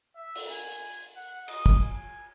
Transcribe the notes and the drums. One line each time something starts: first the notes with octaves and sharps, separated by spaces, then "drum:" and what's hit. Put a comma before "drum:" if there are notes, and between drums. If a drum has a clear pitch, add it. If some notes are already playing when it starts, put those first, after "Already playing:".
E5
drum: open hi-hat
G#5
F#5
D#5, drum: cymbal
drum: kick
G#5